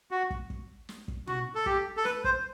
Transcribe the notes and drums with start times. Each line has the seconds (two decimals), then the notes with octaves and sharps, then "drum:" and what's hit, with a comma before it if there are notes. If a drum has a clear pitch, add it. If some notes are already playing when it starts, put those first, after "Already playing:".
0.11 F#4
0.30 drum: kick
0.50 drum: kick
0.89 drum: snare
1.08 drum: kick
1.27 F#4, drum: tom
1.55 A4
1.66 G4, drum: kick
1.97 A4
2.05 B4, drum: snare
2.24 C5, drum: kick